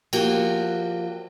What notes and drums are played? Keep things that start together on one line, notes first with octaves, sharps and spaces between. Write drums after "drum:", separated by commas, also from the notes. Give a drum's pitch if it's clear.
F3 A#3 F#4 G4, drum: cymbal